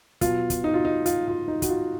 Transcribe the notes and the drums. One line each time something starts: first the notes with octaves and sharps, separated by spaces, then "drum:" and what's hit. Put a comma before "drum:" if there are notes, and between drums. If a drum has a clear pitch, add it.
B2 F#3 B3 F4, drum: kick, hi-hat
drum: kick, hi-hat
D#4
F4
D#4
F4, drum: hi-hat
F4
D#4
F#4, drum: kick, hi-hat
F4